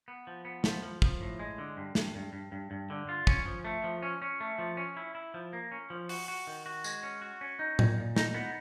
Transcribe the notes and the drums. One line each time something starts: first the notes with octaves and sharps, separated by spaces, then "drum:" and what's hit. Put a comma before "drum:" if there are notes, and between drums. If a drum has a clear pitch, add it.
B3
F3
B3
F3, drum: snare
F3
F3, drum: kick
A2
G#3
D3
G2
G2, drum: snare
G2
G2
G2
G2
D3
F4
C#4, drum: kick
F3
A3
F3
C#4
C#4
A3
F3
C#4
E4
E4
F3
A#3
C#4
F3
F#4, drum: open hi-hat
F#4
D#3
F#4
G#3, drum: tambourine
C#4
F#4
C#4
D#4
A#2, drum: tom A2
A#2
D#4, drum: snare
B3